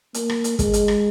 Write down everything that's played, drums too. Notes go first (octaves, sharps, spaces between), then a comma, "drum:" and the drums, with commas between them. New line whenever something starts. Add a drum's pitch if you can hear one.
A#3, drum: hi-hat
drum: rim click
drum: hi-hat
G#3, drum: kick, hi-hat
drum: hi-hat
drum: rim click